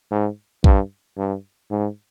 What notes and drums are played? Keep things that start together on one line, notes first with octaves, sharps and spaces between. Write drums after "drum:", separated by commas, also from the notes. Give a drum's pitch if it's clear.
G#2
G2, drum: kick A#1
G2
G#2